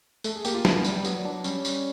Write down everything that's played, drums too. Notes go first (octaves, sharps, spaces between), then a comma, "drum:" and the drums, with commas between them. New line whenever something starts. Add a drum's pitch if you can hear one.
A3 A4, drum: tambourine
G#4
A#3 G4, drum: tambourine
F4
F4, drum: snare
B3
G3, drum: tambourine
G3
F#3 B3, drum: tambourine
D4
G3 C#4, drum: tambourine
drum: tambourine